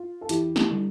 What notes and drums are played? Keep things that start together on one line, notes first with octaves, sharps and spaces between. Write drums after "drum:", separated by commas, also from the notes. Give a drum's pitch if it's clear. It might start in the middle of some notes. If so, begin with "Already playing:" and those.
Already playing: F4
A4
E2 E4 G4, drum: hi-hat
E4 G4, drum: snare
D3 G3